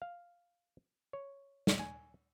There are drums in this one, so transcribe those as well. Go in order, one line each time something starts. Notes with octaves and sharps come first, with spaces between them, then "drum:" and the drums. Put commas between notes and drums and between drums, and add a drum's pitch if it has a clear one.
F5
C#5
drum: snare
G#5